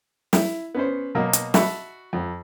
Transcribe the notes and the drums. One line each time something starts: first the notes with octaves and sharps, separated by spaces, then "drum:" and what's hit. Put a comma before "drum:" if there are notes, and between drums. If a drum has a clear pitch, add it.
E4, drum: snare
B3 C#4 C5
B2 F#3 A#3
drum: hi-hat
F#4 D#5 E5 A5 B5 C#6, drum: snare
F2